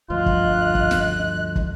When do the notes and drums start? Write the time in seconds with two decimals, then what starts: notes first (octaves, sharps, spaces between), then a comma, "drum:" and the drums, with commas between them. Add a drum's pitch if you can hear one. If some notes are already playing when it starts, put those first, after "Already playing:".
0.10 D2 G2 F3 F4 D#5 F#6
0.26 drum: kick
0.75 drum: kick
0.91 drum: snare
1.56 drum: kick